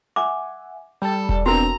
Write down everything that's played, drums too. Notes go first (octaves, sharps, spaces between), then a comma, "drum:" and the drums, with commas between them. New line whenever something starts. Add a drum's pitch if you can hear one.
E5 F#5 G#5 D6
G3 A4 G5 A5
drum: kick E1
B3 C4 D4 F#4 A#4 A#5